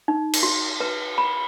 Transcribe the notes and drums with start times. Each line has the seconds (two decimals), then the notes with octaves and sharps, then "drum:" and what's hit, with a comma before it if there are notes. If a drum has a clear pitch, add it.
0.08 D#4
0.34 drum: cymbal
0.43 F#4
0.80 B4
1.18 B5